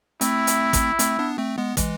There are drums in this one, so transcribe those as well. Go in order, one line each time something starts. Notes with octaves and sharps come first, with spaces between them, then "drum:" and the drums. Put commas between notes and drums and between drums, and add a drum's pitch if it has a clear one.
A3 C4 E4, drum: hi-hat
drum: hi-hat
drum: kick, hi-hat
A3 C4, drum: hi-hat
B3 D4
A3 C4
G#3 B3
E3 G#3, drum: kick, hi-hat